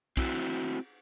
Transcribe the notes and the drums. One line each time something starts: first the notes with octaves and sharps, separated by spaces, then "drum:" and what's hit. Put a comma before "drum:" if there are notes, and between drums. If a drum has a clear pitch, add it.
C4 E4 F#4, drum: kick, cymbal